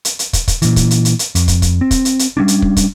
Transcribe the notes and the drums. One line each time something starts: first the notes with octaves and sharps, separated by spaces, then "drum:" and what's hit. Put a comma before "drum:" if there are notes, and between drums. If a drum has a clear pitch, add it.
drum: hi-hat
drum: hi-hat
drum: kick, hi-hat
drum: kick, hi-hat
A#2 E3, drum: hi-hat
drum: kick, hi-hat
drum: hi-hat
drum: hi-hat
drum: hi-hat
F2, drum: hi-hat
drum: kick, hi-hat
drum: kick, hi-hat
C4
drum: kick, hi-hat
drum: hi-hat
drum: hi-hat
G3 G#3 C#4 D4
drum: hi-hat
drum: kick
drum: kick, hi-hat